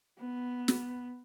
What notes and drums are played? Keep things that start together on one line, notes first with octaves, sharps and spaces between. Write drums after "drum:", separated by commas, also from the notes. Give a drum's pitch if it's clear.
B3
drum: snare